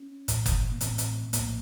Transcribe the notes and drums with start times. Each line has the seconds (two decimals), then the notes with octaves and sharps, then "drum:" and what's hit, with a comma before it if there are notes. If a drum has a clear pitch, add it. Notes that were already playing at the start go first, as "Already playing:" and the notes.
Already playing: C#4
0.28 A1 A2, drum: hi-hat
0.46 drum: kick F#1, hi-hat
0.72 A#3
0.81 A1 A2 C4, drum: hi-hat
0.98 drum: hi-hat
1.33 A#1 A2 A#3, drum: hi-hat